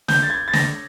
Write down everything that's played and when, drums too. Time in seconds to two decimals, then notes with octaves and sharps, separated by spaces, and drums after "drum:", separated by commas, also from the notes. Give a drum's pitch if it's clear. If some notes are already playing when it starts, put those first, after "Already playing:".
0.08 G6, drum: snare
0.22 A6
0.30 G#6
0.48 A6
0.53 A#6, drum: snare